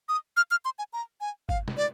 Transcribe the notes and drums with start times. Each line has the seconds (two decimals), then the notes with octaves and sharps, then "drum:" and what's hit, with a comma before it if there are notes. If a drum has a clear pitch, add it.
0.09 D#6
0.37 F6
0.51 F6
0.65 C6
0.79 G#5
0.93 A#5
1.21 G#5
1.49 F5, drum: kick G1
1.68 drum: snare
1.77 D5